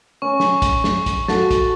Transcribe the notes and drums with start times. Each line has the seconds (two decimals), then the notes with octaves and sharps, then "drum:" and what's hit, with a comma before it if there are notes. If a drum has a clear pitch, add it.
0.22 C#4 C#6
0.40 drum: snare
0.62 drum: kick, hi-hat
0.84 drum: snare
1.06 drum: kick, hi-hat
1.28 F#4 A4 A6, drum: snare
1.51 drum: kick, hi-hat